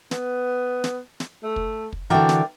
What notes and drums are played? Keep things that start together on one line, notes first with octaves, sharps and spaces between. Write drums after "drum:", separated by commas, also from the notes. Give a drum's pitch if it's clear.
B3, drum: snare
drum: snare
drum: snare
A3
drum: kick
drum: kick
D3 E3 F#4 A#4 D5 G5
drum: snare